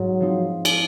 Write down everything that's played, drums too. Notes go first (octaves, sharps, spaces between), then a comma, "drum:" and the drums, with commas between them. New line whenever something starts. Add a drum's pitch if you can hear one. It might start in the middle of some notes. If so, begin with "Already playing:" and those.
Already playing: G#2 F#3
F3 C4 D#4
drum: cymbal